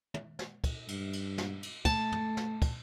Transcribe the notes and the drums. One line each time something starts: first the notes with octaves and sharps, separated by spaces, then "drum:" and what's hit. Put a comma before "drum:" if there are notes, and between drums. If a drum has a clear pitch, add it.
drum: tom
drum: snare
drum: kick, cymbal
G2, drum: cymbal
drum: cymbal
drum: snare
drum: cymbal
A3 A5, drum: kick, cymbal
drum: tom
drum: snare
drum: kick, cymbal